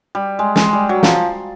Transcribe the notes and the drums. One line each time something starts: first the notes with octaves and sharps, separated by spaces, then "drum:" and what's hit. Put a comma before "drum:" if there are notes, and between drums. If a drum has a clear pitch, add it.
G3
G#3
G#3, drum: snare
G3
F#3
F3, drum: snare